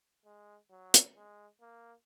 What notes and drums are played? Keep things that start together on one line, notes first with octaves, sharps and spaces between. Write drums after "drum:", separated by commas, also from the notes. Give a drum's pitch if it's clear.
G#3
F#3
drum: hi-hat
G#3
A#3